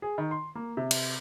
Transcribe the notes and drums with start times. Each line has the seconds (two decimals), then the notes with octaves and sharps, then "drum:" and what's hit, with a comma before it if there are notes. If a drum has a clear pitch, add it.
0.02 G#4
0.18 D#3
0.31 C6
0.55 A#3
0.77 C3
0.91 drum: cymbal